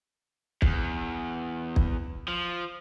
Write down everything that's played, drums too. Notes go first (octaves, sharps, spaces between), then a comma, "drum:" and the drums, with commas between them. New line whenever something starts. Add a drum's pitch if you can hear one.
E2, drum: kick
drum: kick
F3